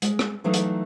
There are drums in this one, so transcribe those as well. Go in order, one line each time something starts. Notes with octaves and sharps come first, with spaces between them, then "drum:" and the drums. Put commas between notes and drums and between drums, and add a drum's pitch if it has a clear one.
G#3, drum: hi-hat
drum: rim click
E3 F#3 A3 D4 D#4 F5
drum: hi-hat